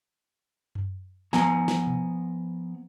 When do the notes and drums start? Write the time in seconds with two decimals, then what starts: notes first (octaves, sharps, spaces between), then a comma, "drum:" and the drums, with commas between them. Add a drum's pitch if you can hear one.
0.75 drum: tom F#2
1.33 F3 B3 G#5 A#5, drum: snare
1.68 drum: snare
1.87 drum: tom B2